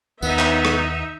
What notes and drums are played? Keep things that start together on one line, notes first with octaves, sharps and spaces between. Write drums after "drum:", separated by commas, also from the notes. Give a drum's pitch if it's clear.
D#2 B3 D#4 E5, drum: tambourine
drum: clap
drum: rim click